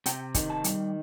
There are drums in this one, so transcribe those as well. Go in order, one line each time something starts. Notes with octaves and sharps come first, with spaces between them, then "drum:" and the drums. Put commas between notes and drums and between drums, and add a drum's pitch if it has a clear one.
C3 G5, drum: hi-hat
D#3, drum: kick, hi-hat
A5
G3, drum: hi-hat